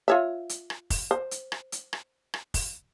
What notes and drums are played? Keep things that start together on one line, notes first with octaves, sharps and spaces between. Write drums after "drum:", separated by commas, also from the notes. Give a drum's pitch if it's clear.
F4 C#5 E5
drum: hi-hat
drum: rim click
drum: kick, open hi-hat
C5
drum: hi-hat
drum: rim click
drum: hi-hat
drum: rim click
drum: rim click
drum: kick, open hi-hat